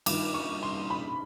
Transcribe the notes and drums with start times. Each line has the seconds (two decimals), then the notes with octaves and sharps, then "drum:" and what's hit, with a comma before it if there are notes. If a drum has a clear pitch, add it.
0.06 G2 D#3 D6, drum: cymbal
0.34 C#6
0.63 C6
0.90 B5